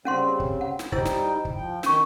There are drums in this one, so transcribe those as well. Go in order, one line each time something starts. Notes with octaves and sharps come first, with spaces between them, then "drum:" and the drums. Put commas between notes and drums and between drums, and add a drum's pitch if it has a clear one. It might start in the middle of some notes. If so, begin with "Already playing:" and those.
C#3 G3 C4 C#4 F#5 C6
drum: kick
F#5
drum: snare
G3 D#4 E4 C5 G5 E6, drum: kick
drum: snare
drum: kick
F3 G5
D#3 C#4 C#6, drum: snare